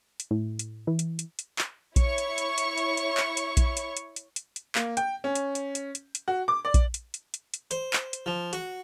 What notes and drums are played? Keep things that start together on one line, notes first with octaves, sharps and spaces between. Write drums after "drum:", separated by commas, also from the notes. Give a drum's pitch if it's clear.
drum: hi-hat
A2
drum: hi-hat
E3
drum: hi-hat
drum: hi-hat
drum: hi-hat
drum: clap
E4 C#5 C#6, drum: kick A#1, hi-hat
drum: hi-hat
drum: hi-hat
drum: hi-hat
drum: hi-hat
drum: hi-hat
drum: clap
drum: hi-hat
drum: kick A#1, hi-hat
drum: hi-hat
drum: hi-hat
drum: hi-hat
drum: hi-hat
drum: hi-hat
A#3, drum: clap
G5, drum: hi-hat
C#4
drum: hi-hat
drum: hi-hat
drum: hi-hat
drum: hi-hat
drum: hi-hat
F#4
D6
D5
drum: kick A#1, hi-hat
drum: hi-hat
drum: hi-hat
drum: hi-hat
drum: hi-hat
C5, drum: hi-hat
drum: clap
drum: hi-hat
F3
F#4, drum: hi-hat